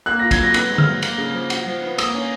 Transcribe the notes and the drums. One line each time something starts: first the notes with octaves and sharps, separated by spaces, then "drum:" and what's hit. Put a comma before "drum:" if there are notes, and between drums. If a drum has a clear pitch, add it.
A#3 F#6
F4 A#6
G#6, drum: kick, cymbal
F#3 A#6
B3 F#6, drum: cymbal
G#2
F6, drum: tom D3
F#3
A#3, drum: cymbal
C#3
F3
F#4, drum: cymbal
F3
B3
A#3 D#6, drum: cymbal
C#4